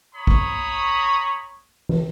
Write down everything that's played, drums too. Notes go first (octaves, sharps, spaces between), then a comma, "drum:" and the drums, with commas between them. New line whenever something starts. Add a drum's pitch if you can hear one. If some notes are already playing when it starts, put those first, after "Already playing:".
C#5 A#5 B5 C#6 D#6
drum: kick A1
drum: tom